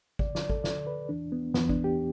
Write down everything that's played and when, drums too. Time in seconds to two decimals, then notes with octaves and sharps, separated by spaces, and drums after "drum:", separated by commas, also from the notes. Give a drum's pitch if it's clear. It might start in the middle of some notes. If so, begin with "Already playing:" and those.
0.19 D2 D3 D5, drum: kick G#1
0.35 D5, drum: snare
0.50 A4, drum: kick G#1
0.64 D2 D3 D5, drum: snare
0.87 B4
1.09 E2 E3 D4
1.32 B3
1.54 E2 E3 B3, drum: snare
1.69 D4, drum: kick G#1
1.84 G4